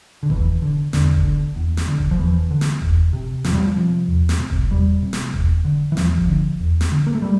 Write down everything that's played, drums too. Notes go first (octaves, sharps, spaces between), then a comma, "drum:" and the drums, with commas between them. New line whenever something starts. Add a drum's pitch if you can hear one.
D3
E2 E3, drum: kick F1
D3
E2 D3, drum: snare
drum: kick F1
D3
E2
drum: snare
D3
drum: kick F1
F3
E2 E3
D3
drum: snare
E2, drum: kick F1
C3
E2 F3, drum: snare
G3
F3
C3
E2
drum: snare
C3
drum: kick F1
E2 G3
C3
drum: snare
E2, drum: kick F1
D3
E3
E2 F3, drum: snare
drum: kick F1
D3
E2
drum: snare
D3
A#3
A3
G3